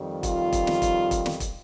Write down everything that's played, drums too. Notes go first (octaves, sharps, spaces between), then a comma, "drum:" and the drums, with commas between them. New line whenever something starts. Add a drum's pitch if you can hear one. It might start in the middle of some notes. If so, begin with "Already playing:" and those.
Already playing: F2 D#3 G3
F4, drum: kick E1, hi-hat
drum: kick E1, hi-hat
drum: snare
drum: kick E1, hi-hat
drum: kick E1, hi-hat
drum: snare
drum: kick E1, hi-hat